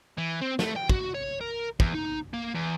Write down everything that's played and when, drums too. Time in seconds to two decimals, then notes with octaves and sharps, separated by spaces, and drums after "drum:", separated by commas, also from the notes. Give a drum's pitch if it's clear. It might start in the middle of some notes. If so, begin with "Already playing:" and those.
0.18 E3
0.41 C4
0.59 A3, drum: snare
0.76 G5
0.89 F#4, drum: kick
1.14 C#5
1.41 A#4
1.80 E2, drum: kick
1.95 D#4
2.34 A#3
2.55 E2